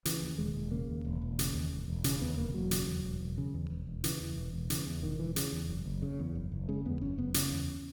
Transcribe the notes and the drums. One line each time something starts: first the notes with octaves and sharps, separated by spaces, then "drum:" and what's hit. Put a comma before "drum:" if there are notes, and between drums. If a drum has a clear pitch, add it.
C#3 E3, drum: hi-hat
D#2
E1 G#3
E1
C#3 A#3
D#2
E1
E1
C#3, drum: hi-hat
D#2
E1
E1
C#3 C#4, drum: hi-hat
D#2 B3
E1 A#3
E1 F#3
C#3, drum: hi-hat
E2
E1
E1
C#3
E2
E1
E1
C#3 E3, drum: hi-hat
E2
E1
E1
C#3 E3, drum: hi-hat
E2
E1 D#3
E1 E3
C#3, drum: hi-hat
E2
F#1
F#1
C#3
E2
F#1
F#1
C#3 G#3
E2 B3
F#1 C#4
F#1 B3
C#3 C#4, drum: hi-hat
E2